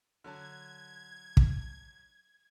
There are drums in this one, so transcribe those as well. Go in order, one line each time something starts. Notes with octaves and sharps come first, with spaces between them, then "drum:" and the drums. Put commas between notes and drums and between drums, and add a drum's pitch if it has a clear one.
D3 F#3 A5 G#6
drum: kick